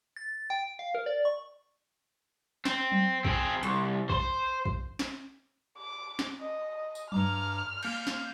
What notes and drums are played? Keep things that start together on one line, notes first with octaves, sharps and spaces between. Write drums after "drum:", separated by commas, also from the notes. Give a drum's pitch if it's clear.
A6
G5
F5
A#4
D5
C#6
C4, drum: snare
drum: tom F#3
C4 G#4, drum: kick
C2, drum: hi-hat
C5 C6, drum: kick
drum: kick
drum: snare
D6
drum: snare
D#5
D#5
drum: tambourine
G2 A#5 D6 F6, drum: tom F#3
A#3 G6, drum: cymbal
drum: snare